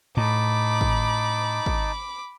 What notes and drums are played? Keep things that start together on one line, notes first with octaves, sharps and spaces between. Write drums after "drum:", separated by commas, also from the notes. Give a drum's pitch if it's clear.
A2 D#4 A5 B5 D6
drum: kick
drum: kick